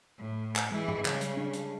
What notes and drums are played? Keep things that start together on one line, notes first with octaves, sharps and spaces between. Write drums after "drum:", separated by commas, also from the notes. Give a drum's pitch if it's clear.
A2
drum: clap
E3 G#3 E4
drum: tom G2
C#3 G3, drum: clap
drum: hi-hat
D4
drum: hi-hat